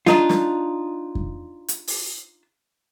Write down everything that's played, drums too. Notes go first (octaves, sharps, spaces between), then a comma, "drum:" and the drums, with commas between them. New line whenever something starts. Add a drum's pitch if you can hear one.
D4 D#4 F4, drum: snare
drum: snare
drum: kick F2
drum: hi-hat
drum: open hi-hat